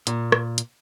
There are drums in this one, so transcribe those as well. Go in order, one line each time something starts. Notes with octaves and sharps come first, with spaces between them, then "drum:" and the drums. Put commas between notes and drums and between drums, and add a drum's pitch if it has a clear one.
A#2, drum: hi-hat
drum: rim click
drum: hi-hat